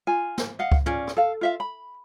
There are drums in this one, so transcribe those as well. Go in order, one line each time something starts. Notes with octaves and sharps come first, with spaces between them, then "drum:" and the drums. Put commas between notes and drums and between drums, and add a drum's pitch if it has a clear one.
F4 G#5
drum: snare
D#5 F5 F#5
drum: kick C#2
C#4 F4 G#4 D5, drum: tom
drum: rim click
A4 F5
F4 E5 F5
B5